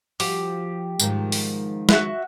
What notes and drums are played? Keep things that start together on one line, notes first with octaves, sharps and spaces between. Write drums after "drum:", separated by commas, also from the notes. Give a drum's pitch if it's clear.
F3 F#4 G4, drum: open hi-hat
G#2 D#3 F3, drum: tambourine
drum: open hi-hat
F#4 E5 F#6, drum: snare